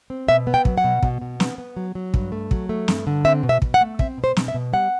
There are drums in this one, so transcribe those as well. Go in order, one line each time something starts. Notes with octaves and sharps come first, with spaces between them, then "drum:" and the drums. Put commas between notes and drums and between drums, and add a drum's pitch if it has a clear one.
C4
B2 E5
B3
G5
F#3, drum: kick
F#5
B2
B2, drum: kick
B2
B3, drum: snare
B3
F#3
F#3
G2, drum: kick
A3
F#3, drum: kick
A3
G2, drum: snare
D3
C4 E5
B2
E5
B2, drum: kick
F#5
A3
C4 E5, drum: kick
B2
C5
B2, drum: snare
E5
B2
G3 F#5